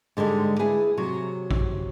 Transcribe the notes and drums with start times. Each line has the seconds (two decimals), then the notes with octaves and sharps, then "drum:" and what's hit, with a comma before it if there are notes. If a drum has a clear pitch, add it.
0.17 G#2 D3 G3 G#3
0.59 E4 G#4 B4
0.97 C3 F#3
1.51 drum: kick A1